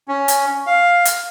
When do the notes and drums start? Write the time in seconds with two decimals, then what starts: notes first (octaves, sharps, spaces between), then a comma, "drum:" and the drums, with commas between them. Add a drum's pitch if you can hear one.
0.08 C#4
0.28 drum: hi-hat
0.67 F5
1.05 drum: hi-hat